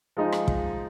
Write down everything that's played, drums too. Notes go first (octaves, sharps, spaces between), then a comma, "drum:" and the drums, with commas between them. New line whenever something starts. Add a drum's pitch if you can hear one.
F3 G#3 D#4
drum: rim click
drum: kick